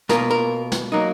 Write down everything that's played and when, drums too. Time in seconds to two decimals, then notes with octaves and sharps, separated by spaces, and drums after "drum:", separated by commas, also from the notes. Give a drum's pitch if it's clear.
0.09 B2 A#3 F4 A#4, drum: snare
0.31 A#4
0.72 drum: snare
0.92 F#3 A#3 D#4